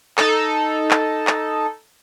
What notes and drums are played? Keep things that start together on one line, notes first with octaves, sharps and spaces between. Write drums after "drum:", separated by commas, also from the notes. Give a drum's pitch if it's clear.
D#4 A4, drum: clap
drum: clap
drum: clap